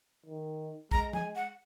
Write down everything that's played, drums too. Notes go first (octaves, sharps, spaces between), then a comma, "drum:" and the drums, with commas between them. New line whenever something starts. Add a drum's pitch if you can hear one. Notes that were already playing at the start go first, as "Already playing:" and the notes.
D#3
G#3 A#5, drum: kick
G#5, drum: tom
F#5